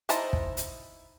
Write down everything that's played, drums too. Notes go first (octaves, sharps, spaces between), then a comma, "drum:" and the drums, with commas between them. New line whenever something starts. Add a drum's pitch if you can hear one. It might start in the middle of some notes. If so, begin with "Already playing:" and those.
D#4 E4 C5 A5 A#5, drum: hi-hat
drum: kick
drum: hi-hat